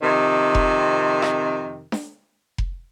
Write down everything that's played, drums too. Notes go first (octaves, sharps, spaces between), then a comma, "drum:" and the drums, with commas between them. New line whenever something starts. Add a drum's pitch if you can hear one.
F2 C3 D#3
drum: kick F1
drum: rim click
drum: snare D4
drum: kick F1